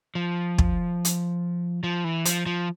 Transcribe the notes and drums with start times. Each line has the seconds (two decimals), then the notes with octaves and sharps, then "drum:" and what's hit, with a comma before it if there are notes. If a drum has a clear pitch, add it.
0.15 F3
0.58 drum: kick
1.05 drum: hi-hat
1.83 F3
2.04 E3
2.25 F3, drum: hi-hat
2.46 F3